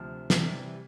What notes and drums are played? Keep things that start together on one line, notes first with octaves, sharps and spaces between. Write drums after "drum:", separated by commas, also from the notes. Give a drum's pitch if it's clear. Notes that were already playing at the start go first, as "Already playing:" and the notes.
Already playing: D2 C3 F3 F6
C3 E3 G3, drum: snare